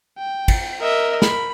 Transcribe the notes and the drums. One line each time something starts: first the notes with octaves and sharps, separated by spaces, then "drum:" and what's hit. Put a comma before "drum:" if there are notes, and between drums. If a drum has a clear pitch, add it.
G5
drum: kick, cymbal
A#4 D#5 E5
B5, drum: snare